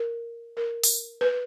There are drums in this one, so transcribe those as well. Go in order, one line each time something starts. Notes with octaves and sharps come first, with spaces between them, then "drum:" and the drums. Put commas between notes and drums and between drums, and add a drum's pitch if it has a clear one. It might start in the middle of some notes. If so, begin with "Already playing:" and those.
Already playing: A#4
A#4
drum: open hi-hat
B4